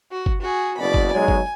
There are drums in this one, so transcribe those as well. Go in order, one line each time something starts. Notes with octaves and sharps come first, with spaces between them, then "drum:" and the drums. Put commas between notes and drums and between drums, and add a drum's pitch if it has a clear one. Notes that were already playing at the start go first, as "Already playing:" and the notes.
F#4
drum: kick G1
F#4 G#4
F#1 B2 D5 B5
drum: kick G1
B1 F#3 G#3 G#5
drum: kick G1